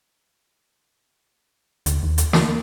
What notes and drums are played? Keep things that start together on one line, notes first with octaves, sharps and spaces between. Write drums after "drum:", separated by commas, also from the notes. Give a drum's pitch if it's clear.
D2, drum: hi-hat
D#2
drum: hi-hat
A#3, drum: snare